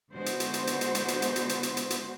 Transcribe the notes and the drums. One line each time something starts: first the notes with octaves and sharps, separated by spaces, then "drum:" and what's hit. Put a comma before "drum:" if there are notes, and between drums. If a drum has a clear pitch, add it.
D3 G#3 B3 F#4 C5
drum: hi-hat
drum: hi-hat
drum: hi-hat
drum: hi-hat
drum: hi-hat
drum: hi-hat
drum: hi-hat
drum: hi-hat
drum: hi-hat
drum: hi-hat
drum: hi-hat
drum: hi-hat
drum: hi-hat